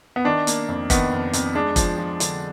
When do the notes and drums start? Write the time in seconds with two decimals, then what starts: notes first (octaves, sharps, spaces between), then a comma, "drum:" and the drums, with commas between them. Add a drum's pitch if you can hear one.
0.16 B3
0.25 D#3 D4
0.47 A#3, drum: hi-hat
0.68 F2
0.90 D#3 B3, drum: kick, hi-hat
1.12 F2
1.33 F2, drum: hi-hat
1.55 G#3 D4
1.76 F3, drum: kick, hi-hat
1.98 F3
2.20 D3, drum: hi-hat